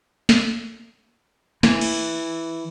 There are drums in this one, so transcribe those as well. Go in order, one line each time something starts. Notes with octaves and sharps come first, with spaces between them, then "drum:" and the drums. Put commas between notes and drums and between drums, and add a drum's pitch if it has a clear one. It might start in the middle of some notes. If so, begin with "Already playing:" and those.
drum: snare
E3, drum: snare
drum: cymbal